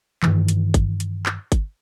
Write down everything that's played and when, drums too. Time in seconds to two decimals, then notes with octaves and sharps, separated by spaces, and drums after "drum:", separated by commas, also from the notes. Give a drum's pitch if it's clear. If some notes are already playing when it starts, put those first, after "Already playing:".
0.23 G2 D#3 E3, drum: clap
0.48 drum: hi-hat
0.74 drum: kick G1, hi-hat
1.00 drum: hi-hat
1.26 drum: clap
1.52 drum: kick G1, hi-hat